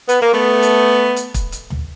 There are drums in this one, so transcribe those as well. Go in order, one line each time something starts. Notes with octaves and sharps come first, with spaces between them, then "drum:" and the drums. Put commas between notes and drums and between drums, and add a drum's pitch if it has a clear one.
B3, drum: hi-hat
A#3
A3 B3
drum: hi-hat
drum: hi-hat
drum: kick, hi-hat
drum: hi-hat
drum: tom